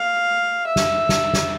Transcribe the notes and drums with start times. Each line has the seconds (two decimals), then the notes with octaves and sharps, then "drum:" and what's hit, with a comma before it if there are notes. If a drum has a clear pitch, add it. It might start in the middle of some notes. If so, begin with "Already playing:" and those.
Already playing: F5
0.67 E5
0.76 drum: snare
1.09 drum: snare
1.33 drum: snare